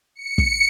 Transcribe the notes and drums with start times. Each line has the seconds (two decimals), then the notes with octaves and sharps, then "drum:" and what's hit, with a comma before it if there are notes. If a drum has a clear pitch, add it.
0.15 C#7
0.38 drum: kick